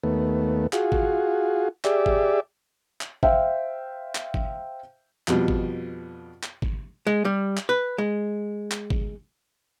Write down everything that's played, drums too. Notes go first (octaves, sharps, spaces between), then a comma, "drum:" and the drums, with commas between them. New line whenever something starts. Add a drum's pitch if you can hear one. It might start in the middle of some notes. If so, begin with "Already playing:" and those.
D#2 A3 B3
F4 F#4 G#4, drum: clap
drum: kick G#1
G4 G#4 D5 E5, drum: clap
drum: kick G#1
drum: clap
C5 E5 F5 G5, drum: kick G#1
drum: clap
drum: kick G#1
F2 B2 G3, drum: clap
drum: kick G#1
drum: clap
drum: kick G#1
G#3
G3
drum: clap
B4
G#3
drum: clap
drum: kick G#1